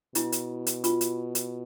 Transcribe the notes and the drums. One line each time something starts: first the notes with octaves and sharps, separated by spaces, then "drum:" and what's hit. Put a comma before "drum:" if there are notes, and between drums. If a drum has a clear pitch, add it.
B2 E4, drum: hi-hat
drum: hi-hat
drum: hi-hat
F4, drum: hi-hat
drum: hi-hat
drum: hi-hat